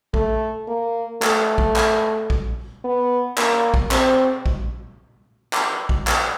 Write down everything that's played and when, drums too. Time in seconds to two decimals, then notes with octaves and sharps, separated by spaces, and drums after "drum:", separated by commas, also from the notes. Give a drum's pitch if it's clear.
0.14 A3, drum: kick A#1
0.68 A#3
1.22 A3, drum: clap
1.58 drum: kick A#1
1.76 drum: clap
2.30 drum: kick A#1
2.84 B3
3.38 A#3, drum: clap
3.74 drum: kick A#1
3.91 C4, drum: clap
4.46 drum: kick A#1
5.53 drum: clap
5.89 drum: kick A#1
6.07 drum: clap